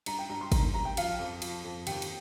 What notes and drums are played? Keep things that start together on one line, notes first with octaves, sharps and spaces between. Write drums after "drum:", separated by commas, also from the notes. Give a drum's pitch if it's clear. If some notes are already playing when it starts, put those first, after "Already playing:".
G2 A#5, drum: cymbal
G5
G2 A#5
C6
D#3 A#5, drum: kick, cymbal
G3 A#5
G5
F3 F5, drum: cymbal
F2
F3, drum: cymbal
F2
D#2 G5, drum: cymbal
drum: cymbal